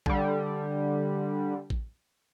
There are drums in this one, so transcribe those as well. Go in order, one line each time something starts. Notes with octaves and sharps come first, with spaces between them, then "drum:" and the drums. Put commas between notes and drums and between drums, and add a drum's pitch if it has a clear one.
D3 G3, drum: kick A1
drum: kick A1